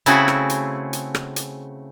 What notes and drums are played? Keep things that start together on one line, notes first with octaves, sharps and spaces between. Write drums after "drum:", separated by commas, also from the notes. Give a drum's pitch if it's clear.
C#3 A3 C4 E4 F#4 G#4, drum: hi-hat
drum: rim click
drum: hi-hat
drum: hi-hat
drum: rim click
drum: hi-hat